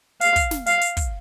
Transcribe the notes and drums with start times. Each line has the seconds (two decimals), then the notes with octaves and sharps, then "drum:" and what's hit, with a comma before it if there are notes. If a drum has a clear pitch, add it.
0.21 F5, drum: hi-hat
0.36 drum: kick, hi-hat
0.51 drum: snare
0.66 F5, drum: hi-hat
0.81 drum: hi-hat
0.97 drum: kick, hi-hat